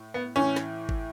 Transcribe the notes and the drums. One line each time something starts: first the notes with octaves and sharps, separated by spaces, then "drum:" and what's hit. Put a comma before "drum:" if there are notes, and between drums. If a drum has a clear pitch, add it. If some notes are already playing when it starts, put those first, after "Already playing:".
Already playing: A2
B3
A2 E3 C#4
drum: snare
drum: kick G#1